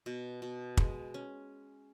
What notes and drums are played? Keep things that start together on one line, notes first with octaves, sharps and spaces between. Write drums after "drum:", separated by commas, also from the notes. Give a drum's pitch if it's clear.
B2
B2
G#3, drum: kick
C#4